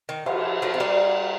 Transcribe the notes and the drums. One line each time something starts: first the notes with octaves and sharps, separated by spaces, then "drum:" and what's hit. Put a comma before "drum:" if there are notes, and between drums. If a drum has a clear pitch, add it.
D#3
F3, drum: cymbal
F3 A3
C4
G3 A#3